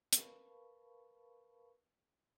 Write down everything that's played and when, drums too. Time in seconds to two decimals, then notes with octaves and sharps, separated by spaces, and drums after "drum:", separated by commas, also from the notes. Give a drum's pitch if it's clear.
0.13 A#4 B4 F5 A5 B5 C#6, drum: hi-hat